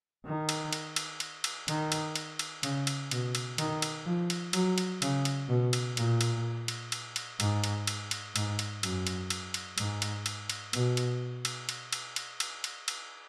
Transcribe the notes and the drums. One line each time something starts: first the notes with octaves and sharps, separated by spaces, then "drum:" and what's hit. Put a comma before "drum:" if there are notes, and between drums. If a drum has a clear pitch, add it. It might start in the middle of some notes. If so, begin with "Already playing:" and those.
D#3
drum: cymbal
drum: cymbal
drum: cymbal
drum: cymbal
drum: cymbal
D#3, drum: cymbal
drum: cymbal
drum: cymbal
drum: cymbal
C#3, drum: cymbal
drum: cymbal
B2, drum: cymbal
drum: cymbal
D#3, drum: cymbal
drum: cymbal
F3
drum: cymbal
F#3, drum: cymbal
drum: cymbal
C#3, drum: cymbal
drum: cymbal
B2
drum: cymbal
A#2, drum: cymbal
drum: cymbal
drum: cymbal
drum: cymbal
drum: cymbal
G#2, drum: cymbal
drum: cymbal
drum: cymbal
drum: cymbal
G#2, drum: cymbal
drum: cymbal
F#2, drum: cymbal
drum: cymbal
drum: cymbal
drum: cymbal
G#2, drum: cymbal
drum: cymbal
drum: cymbal
drum: cymbal
B2, drum: cymbal
drum: cymbal
drum: cymbal
drum: cymbal
drum: cymbal
drum: cymbal
drum: cymbal
drum: cymbal
drum: cymbal